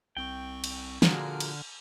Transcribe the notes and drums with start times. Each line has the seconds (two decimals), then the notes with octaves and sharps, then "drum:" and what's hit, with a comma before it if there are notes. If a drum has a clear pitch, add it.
0.17 C2 C4 G5 C#6
0.64 drum: cymbal
1.02 A#2 D3 F3 F#4 G#4 A#4 F6, drum: snare
1.40 drum: cymbal